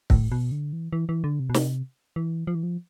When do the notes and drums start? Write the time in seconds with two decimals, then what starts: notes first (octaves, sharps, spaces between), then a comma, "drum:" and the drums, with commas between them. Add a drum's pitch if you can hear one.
0.10 A2, drum: kick
0.32 B2
0.52 D3
0.73 E3
0.93 E3
1.09 E3
1.24 D3
1.40 C3
1.50 B2
1.54 C3, drum: snare
2.16 E3
2.47 F3
2.55 E3
2.63 F3